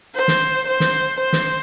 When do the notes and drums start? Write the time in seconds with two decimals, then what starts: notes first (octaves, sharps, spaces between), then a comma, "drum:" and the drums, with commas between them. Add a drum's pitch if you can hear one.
0.15 C5
0.28 drum: snare
0.68 C5
0.80 drum: snare
1.19 C5
1.33 drum: snare